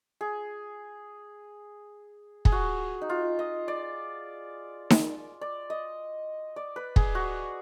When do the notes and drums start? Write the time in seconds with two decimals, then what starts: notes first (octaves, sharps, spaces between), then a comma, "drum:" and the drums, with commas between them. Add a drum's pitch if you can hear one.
0.21 G#4
2.45 G#4, drum: kick
2.52 F#4
3.02 D#4
3.09 F4
3.39 D#5
3.68 D5
4.90 drum: snare D#4
5.41 D5
5.70 D#5
6.56 D5
6.76 B4
6.96 G#4, drum: kick
7.15 F#4